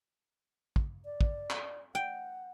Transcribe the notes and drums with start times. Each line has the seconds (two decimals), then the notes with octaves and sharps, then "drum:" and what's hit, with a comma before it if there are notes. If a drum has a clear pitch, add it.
0.76 drum: kick
1.05 D5
1.21 drum: kick
1.50 drum: clap
1.95 F#5 G5